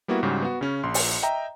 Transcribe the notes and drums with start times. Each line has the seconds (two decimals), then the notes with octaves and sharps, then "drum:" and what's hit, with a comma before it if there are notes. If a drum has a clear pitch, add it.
0.08 G3 A#3 B3 E4 F#4
0.23 G#2 C#3 G3 F#4
0.42 B3 F#4
0.61 C#3 C#4
0.83 A#1 C6
0.94 drum: open hi-hat
1.22 D#5 E5 G5 A#5